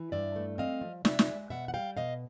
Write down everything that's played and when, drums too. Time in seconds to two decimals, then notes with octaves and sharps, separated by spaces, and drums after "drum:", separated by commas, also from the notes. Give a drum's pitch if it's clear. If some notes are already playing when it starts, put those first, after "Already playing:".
Already playing: E3
0.12 G2 D5 E5
0.36 A3
0.58 C4 D#5 F5
0.81 F3
1.05 C3 D5 E5, drum: snare
1.19 drum: snare
1.28 G#3
1.50 B2 E5 F#5
1.68 F#5
1.73 G3 F5 G5
1.97 B2 D#5 F5